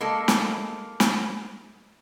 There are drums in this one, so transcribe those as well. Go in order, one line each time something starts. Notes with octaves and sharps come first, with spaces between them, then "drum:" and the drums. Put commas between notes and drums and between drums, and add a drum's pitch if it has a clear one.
G#3 A#3 A4
drum: snare
drum: snare